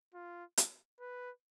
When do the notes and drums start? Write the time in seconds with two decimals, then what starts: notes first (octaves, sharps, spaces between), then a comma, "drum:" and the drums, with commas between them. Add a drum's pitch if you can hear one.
0.14 F4
0.57 drum: hi-hat
1.00 B4